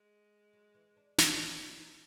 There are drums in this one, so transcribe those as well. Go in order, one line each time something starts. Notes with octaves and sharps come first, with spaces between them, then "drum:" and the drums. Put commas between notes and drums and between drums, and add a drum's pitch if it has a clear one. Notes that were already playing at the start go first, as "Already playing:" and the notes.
Already playing: G#3
F#3
E3
D4
B3 D4, drum: snare
C#4